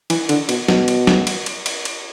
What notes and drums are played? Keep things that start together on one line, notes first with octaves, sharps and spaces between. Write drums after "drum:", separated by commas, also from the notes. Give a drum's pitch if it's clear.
E3, drum: cymbal
D3, drum: cymbal
B2, drum: cymbal
B2, drum: snare
drum: cymbal
drum: snare
drum: cymbal
drum: cymbal
drum: cymbal
drum: cymbal